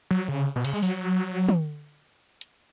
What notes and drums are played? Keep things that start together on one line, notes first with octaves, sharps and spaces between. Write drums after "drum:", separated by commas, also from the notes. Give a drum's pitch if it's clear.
F#3
C#3
B2
C#3, drum: cymbal
G#3
F#3, drum: open hi-hat
drum: tom
drum: hi-hat